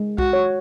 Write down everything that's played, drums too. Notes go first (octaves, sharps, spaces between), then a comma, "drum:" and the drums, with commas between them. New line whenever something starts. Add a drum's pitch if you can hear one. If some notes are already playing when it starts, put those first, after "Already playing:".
Already playing: G#3
F#4, drum: kick B1
C#5